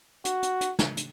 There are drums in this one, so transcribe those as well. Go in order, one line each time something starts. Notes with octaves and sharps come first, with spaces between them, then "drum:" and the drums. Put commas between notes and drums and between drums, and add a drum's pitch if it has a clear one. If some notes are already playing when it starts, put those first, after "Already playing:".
F#4, drum: hi-hat
drum: hi-hat
drum: hi-hat
drum: snare
drum: hi-hat